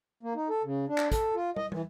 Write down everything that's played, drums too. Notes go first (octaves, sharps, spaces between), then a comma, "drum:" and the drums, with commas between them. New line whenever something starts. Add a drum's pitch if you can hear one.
A#3
D#4
A4
C#3
D4
drum: clap
A4, drum: kick, hi-hat
F4
D#5, drum: tom
E3, drum: tom